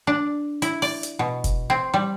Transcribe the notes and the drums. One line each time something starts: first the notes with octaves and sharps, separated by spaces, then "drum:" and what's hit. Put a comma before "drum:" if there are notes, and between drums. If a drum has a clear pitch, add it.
D4
E4, drum: hi-hat
D5, drum: open hi-hat
drum: hi-hat
B2
drum: kick F1, hi-hat
C4
G3